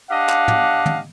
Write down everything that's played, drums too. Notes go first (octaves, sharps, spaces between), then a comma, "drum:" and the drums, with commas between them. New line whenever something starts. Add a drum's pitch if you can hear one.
D4 G4 D#5 F5 F#5
drum: clap
drum: tom
drum: tom